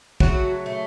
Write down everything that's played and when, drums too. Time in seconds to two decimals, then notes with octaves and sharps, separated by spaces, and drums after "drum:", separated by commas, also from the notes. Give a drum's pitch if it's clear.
0.20 C#3 F#3 A3 F#4, drum: kick
0.66 A3